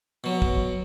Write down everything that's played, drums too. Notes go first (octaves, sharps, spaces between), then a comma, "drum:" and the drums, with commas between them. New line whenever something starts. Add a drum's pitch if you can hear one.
B2 F#3
drum: kick